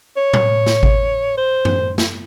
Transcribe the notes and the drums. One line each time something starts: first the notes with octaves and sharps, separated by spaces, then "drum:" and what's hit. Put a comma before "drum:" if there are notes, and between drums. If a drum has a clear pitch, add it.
C#5
drum: tom A2
drum: snare
drum: kick G#1
C5
drum: tom F#2
drum: snare